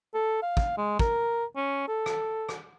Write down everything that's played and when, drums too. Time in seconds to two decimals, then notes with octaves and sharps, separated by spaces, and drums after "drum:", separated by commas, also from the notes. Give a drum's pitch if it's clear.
0.14 A4
0.42 F5
0.57 drum: kick
0.78 G#3
0.99 A#4, drum: kick
1.56 C#4
1.88 A4
2.06 drum: rim click
2.49 drum: rim click